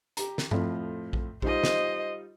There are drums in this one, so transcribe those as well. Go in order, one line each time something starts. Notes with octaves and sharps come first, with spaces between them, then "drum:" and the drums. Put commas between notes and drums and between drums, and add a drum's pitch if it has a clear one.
G4 A#5, drum: hi-hat
drum: snare
F2 A2 F3, drum: tom G2
drum: kick A#1
G3 D#4 F4 C5 D#5, drum: kick A#1
drum: snare